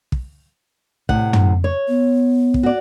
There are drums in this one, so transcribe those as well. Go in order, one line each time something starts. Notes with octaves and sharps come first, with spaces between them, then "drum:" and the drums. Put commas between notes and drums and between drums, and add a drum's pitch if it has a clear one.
drum: kick
A2 C3 F#5, drum: kick
drum: tom
C#5
B3
drum: kick
F#4 D5